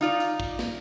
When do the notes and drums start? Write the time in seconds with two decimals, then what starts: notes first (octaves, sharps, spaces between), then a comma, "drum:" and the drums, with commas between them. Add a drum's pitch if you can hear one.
0.01 D#4 F4 D5
0.20 drum: hi-hat
0.40 drum: kick
0.59 drum: snare